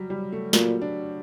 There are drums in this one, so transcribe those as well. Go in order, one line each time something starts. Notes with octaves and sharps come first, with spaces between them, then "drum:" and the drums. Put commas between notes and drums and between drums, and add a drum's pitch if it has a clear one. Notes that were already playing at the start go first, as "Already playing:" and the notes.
Already playing: F#3 G3
G3
A3
A#2 F#3, drum: snare
D4